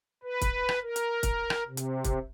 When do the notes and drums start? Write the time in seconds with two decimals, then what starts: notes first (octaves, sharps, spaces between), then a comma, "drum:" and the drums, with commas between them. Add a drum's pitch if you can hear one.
0.23 B4
0.41 drum: kick, hi-hat
0.69 drum: rim click
0.82 A#4
0.96 drum: hi-hat
1.23 drum: kick, hi-hat
1.50 drum: rim click
1.67 C3
1.77 drum: hi-hat
2.04 drum: kick, hi-hat